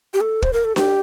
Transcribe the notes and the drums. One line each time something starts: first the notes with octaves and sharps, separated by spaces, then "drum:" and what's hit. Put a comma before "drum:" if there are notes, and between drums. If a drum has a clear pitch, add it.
G4
A4
C5, drum: kick
A#4
A4
G4, drum: snare D4